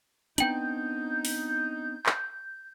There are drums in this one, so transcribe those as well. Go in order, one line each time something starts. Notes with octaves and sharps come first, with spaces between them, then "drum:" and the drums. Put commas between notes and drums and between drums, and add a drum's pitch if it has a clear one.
B3 C4 D4 D#4 G5 G6 F#7, drum: hi-hat
drum: open hi-hat
drum: clap